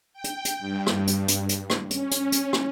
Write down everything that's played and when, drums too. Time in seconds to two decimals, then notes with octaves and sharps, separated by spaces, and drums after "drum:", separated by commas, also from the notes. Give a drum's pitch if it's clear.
0.13 G5
0.24 drum: hi-hat
0.45 drum: hi-hat
0.59 G2
0.87 drum: rim click
1.07 drum: hi-hat
1.28 drum: hi-hat
1.49 drum: hi-hat
1.70 drum: rim click
1.91 C#4, drum: hi-hat
2.11 drum: hi-hat
2.32 drum: hi-hat
2.53 drum: rim click